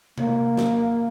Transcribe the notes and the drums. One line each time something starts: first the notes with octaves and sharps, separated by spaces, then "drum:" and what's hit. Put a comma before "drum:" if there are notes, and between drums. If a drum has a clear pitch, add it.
A#3, drum: tom C3
drum: snare